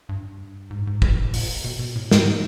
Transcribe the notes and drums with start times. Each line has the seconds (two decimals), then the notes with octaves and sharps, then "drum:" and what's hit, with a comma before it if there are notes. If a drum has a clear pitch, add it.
0.09 G2
0.71 G#2
0.87 G#2
1.02 A2, drum: kick
1.34 A#2, drum: open hi-hat
1.64 B2
1.79 B2
1.96 A2
2.11 G#2, drum: snare